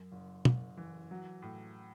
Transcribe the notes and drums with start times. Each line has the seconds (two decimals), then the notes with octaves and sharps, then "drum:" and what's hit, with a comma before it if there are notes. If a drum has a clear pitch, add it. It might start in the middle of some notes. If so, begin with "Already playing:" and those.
Already playing: F#2
0.12 F#1
0.45 F#1, drum: tom
0.77 E3
1.11 F#3
1.42 A2